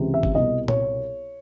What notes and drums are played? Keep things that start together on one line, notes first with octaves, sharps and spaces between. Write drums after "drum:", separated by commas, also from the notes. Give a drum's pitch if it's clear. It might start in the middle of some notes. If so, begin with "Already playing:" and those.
Already playing: C#2 C3 E3
E5
drum: kick
C2 B2 D#5
C#5, drum: tom A#2